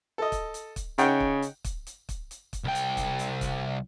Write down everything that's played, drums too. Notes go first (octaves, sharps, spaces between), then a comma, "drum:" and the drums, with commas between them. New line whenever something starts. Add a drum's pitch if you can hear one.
A4 D#5
drum: kick, hi-hat
drum: hi-hat
drum: kick, hi-hat
C#3 D#4 F#5 G5, drum: hi-hat
drum: kick
drum: hi-hat
drum: kick, hi-hat
drum: hi-hat
drum: kick, hi-hat
drum: hi-hat
drum: kick, hi-hat
C2 G5
drum: hi-hat
drum: kick, hi-hat
drum: hi-hat
drum: kick, hi-hat